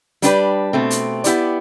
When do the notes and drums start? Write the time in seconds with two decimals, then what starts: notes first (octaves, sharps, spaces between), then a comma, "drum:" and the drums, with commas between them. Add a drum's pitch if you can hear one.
0.22 G3 D4 G4 B4, drum: hi-hat
0.73 B2 A3 C4
0.90 drum: hi-hat
1.24 B3 E4 G4 D5, drum: hi-hat